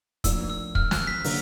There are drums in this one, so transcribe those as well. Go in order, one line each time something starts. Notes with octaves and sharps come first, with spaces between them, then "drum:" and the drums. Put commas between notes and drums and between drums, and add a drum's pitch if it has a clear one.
A2 F3 A#3 D4 F4 E6, drum: kick, hi-hat
E6
F6, drum: kick
F#6, drum: snare
B6
D3 F#3 A#3, drum: open hi-hat